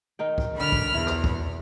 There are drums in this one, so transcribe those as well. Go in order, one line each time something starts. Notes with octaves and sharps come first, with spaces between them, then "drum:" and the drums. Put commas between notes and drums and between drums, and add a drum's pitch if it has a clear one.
D#3 D#4 G5
drum: kick
D3 B5 F6
drum: kick
E2 E4
drum: rim click
drum: kick